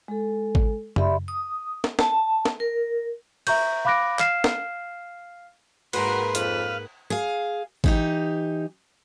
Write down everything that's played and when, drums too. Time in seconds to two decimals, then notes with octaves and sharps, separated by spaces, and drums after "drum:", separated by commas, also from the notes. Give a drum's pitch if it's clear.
0.08 G#3 A4
0.55 drum: kick G#1
0.96 G4 D5 E5 B5 C6, drum: tom F#2
1.28 D#6
1.84 drum: snare
1.99 A5, drum: snare
2.45 drum: snare
2.60 A#4
3.47 E5 A#5 C#6 G6, drum: cymbal
3.85 F5 B5 D6 F#6 A#6 D7
4.19 F5 F6 C7 E7, drum: clap
4.44 drum: snare
5.93 G#2 A#3 F#4 A#4 B4 C6, drum: cymbal
6.35 F2 B4 F5, drum: hi-hat
7.10 G#4 F5
7.84 E3 D#4 G4, drum: kick G#1